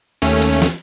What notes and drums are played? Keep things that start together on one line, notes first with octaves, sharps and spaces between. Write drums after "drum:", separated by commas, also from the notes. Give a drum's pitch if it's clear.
D#2 A3 C#4, drum: hi-hat
drum: hi-hat
drum: snare